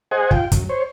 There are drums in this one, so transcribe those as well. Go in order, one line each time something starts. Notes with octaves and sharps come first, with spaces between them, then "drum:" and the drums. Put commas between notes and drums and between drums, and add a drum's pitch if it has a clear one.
G#4 C5 D#5 F#5 G#5
F4 G5, drum: kick
F#2, drum: kick, hi-hat
C5 C#5